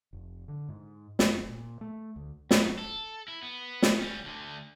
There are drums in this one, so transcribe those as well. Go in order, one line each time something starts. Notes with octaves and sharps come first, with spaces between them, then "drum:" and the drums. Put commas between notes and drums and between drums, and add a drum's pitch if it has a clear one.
F1
D3
G#2
F#1, drum: snare
A#2
A3
D2
F#2, drum: snare
A4
E4
B3
drum: snare
G3 C#4
D2 D3